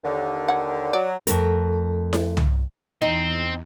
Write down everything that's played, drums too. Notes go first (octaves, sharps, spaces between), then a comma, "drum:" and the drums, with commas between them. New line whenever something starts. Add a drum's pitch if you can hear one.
D#2 D3
C#5 F#5
F#3 D5
F2 A3 A#4, drum: hi-hat
drum: snare E4
drum: tom
E2 C4 D#4